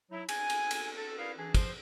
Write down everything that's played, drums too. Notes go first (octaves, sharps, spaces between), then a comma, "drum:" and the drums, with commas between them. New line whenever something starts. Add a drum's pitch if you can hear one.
F#3 D#4 E4
G#5, drum: cymbal
drum: cymbal
drum: cymbal
A4
E4 G#4 A#4 B4 D5 F5
E3 D4 G#4
F3 C5, drum: kick, cymbal